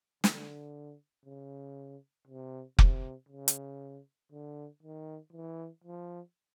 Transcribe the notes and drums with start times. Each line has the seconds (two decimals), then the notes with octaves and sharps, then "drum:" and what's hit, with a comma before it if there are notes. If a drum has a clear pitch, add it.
0.24 D3, drum: snare
1.25 C#3
2.27 C3
2.79 C3, drum: kick F1
3.29 C#3
3.48 drum: hi-hat
4.32 D3
4.83 D#3
5.33 E3
5.84 F3